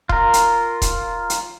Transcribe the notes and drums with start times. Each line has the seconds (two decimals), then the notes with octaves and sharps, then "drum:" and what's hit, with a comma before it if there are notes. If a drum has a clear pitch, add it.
0.09 F4 A#4, drum: kick D#1
0.33 drum: hi-hat
0.82 drum: kick D#1, hi-hat
1.30 drum: hi-hat